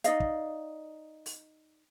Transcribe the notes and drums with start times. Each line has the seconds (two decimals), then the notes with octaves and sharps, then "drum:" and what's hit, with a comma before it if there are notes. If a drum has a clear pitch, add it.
0.04 D#4 D5 D#5 F5, drum: hi-hat
0.20 drum: kick
1.26 drum: open hi-hat